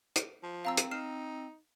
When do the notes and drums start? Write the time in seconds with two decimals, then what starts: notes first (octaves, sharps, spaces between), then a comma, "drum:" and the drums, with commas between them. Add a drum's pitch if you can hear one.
0.16 drum: hi-hat
0.43 F3
0.65 C4 F5 A#5 E6
0.77 drum: hi-hat
0.91 D#4 F6 C7 E7